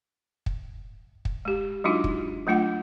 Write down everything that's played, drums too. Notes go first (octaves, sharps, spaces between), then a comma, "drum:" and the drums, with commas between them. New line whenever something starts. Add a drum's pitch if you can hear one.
drum: kick
drum: kick
G#3 G4
F#3 G#3 D4 D#4 F4 F#4
drum: kick
F#3 A3 D4 F4 F#5